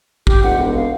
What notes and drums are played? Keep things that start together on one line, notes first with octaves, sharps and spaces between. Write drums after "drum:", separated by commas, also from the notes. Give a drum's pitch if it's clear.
G4, drum: kick
F1 F#5
E1
F5